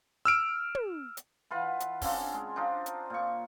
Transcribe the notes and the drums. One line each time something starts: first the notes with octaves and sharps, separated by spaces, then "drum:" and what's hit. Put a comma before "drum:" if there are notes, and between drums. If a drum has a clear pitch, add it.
E6 F6 D7
drum: tom
drum: hi-hat
E3 F4 B4 F#5
drum: hi-hat
C#3 C4 D4, drum: kick, open hi-hat
G#3
D4 D#4 F4 C5
drum: hi-hat
A#2 C#6